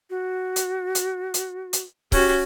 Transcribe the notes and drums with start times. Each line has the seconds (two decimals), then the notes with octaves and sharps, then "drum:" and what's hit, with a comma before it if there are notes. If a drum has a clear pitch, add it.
0.10 F#4
0.56 drum: hi-hat
0.95 drum: hi-hat
1.34 drum: hi-hat
1.73 drum: hi-hat
2.12 C#4 F#4 G4, drum: kick C#1, open hi-hat